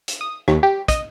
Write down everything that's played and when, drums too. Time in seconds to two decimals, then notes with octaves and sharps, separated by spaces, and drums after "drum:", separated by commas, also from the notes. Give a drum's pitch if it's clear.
0.08 drum: hi-hat
0.21 D#6
0.48 D#2, drum: rim click
0.63 G4
0.88 D#5, drum: kick, hi-hat